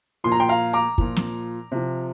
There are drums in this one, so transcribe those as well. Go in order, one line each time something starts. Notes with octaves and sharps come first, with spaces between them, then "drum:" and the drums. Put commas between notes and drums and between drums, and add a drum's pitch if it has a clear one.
A#2 F3 C6
A#5
G5 C6
F5 A#5
A#5 D6
A#2 F3, drum: kick
drum: snare
C3 F3